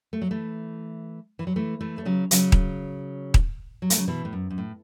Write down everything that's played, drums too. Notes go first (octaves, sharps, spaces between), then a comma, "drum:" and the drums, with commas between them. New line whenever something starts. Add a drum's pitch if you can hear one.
A3
F#3
E3 A3
E3
F#3
E3 A3
E3 A3
A3
C#3 F#3
C#3 F#3, drum: hi-hat
drum: kick D#1
drum: kick D#1
F#3
A3, drum: hi-hat
C#3 F#3
B2 E3
A2
F#2
F#2
A2